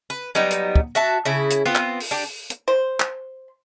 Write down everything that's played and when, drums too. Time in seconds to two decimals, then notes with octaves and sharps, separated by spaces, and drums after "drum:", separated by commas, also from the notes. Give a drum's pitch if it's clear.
0.10 B4
0.35 F#3 G3 B3 D#4
0.51 drum: hi-hat
0.76 drum: kick
0.95 F#4 E5 A5
1.25 C#3 E4
1.50 drum: hi-hat
1.66 B3 C4 F4
1.75 drum: clap
2.00 drum: open hi-hat
2.11 D4 G4
2.50 drum: hi-hat
2.68 C5
3.00 drum: clap